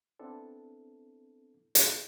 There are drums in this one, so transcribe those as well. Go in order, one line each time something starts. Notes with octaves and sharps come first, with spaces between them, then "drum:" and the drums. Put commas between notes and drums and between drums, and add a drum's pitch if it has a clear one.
B3 C4 D4 E4 A4
drum: hi-hat